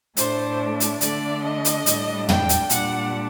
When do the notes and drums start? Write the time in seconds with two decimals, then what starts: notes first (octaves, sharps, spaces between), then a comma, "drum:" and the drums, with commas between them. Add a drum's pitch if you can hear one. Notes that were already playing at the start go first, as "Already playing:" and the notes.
0.17 A2 A3 D4 C5, drum: hi-hat
0.80 drum: hi-hat
1.01 D3 A3 D4 D5, drum: hi-hat
1.43 D#5
1.65 drum: hi-hat
1.86 A2 G3 D4, drum: hi-hat
2.29 G5, drum: tom
2.49 drum: hi-hat
2.70 A#2 G3 D4 F#5, drum: hi-hat